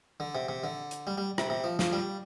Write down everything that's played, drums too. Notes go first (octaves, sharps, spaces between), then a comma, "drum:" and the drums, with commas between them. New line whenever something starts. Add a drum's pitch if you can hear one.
D3
C3
C3
D3
drum: hi-hat
G3
G3
C3, drum: rim click
C3
F3
F3, drum: snare
G3